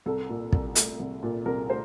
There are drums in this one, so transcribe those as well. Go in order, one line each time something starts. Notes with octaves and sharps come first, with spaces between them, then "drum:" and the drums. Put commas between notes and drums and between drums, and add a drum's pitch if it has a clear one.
C2 A4
A#2
C2, drum: kick
A3, drum: hi-hat
C2
A#2
C2 A#4
A3 C5